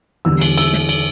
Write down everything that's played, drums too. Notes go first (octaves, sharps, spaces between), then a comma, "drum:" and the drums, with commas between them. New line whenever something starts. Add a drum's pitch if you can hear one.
E2 D3 G3 E6
drum: cymbal
E6, drum: cymbal
drum: snare
drum: cymbal